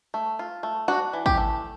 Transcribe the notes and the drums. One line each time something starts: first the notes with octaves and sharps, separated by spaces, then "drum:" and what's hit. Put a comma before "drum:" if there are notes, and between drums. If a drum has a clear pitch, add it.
A3
F4
A3
D4 F#4
E3
G4, drum: kick
A3